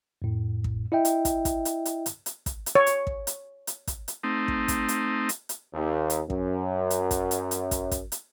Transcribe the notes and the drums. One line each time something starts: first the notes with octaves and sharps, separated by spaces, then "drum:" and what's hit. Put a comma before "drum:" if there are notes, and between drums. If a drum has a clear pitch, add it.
F2 A2
drum: kick
E4 D#5 E5 G5
drum: hi-hat
drum: kick, hi-hat
drum: kick, hi-hat
drum: hi-hat
drum: hi-hat
drum: hi-hat
drum: hi-hat
drum: kick, hi-hat
drum: hi-hat
C#5
drum: hi-hat
drum: kick
drum: hi-hat
drum: hi-hat
drum: kick, hi-hat
drum: hi-hat
A3 C4 D#4
drum: kick
drum: kick, hi-hat
drum: hi-hat
drum: hi-hat
drum: hi-hat
D#2
drum: hi-hat
F#2, drum: kick
drum: hi-hat
drum: kick, hi-hat
drum: hi-hat
drum: hi-hat
drum: kick, hi-hat
drum: kick, hi-hat
drum: hi-hat